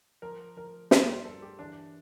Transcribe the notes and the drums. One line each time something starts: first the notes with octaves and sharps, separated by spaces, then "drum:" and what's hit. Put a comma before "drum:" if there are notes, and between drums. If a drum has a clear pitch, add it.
F3 A#4
F3 A#4
G2 D5, drum: snare
C5
G2 A4
G4
E3 D4